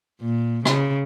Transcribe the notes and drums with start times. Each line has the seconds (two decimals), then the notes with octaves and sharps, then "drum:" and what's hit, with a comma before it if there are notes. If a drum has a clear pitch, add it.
0.21 A#2
0.65 C#3, drum: rim click